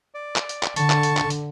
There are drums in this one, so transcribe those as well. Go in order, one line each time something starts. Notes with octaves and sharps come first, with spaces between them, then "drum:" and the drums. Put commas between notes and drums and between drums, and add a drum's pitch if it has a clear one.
D5
drum: clap
drum: hi-hat
drum: clap
D3 A5 C#6, drum: hi-hat
drum: clap
drum: hi-hat
drum: clap
drum: hi-hat